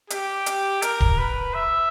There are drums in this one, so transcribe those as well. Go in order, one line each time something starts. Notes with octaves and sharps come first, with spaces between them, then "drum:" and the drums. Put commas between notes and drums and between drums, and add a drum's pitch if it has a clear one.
G4, drum: hi-hat
drum: hi-hat
A#4, drum: hi-hat
drum: kick D1
B4
E5